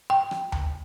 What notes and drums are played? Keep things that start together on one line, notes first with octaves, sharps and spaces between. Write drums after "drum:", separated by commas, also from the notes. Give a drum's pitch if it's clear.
G5
drum: rim click
drum: tom D2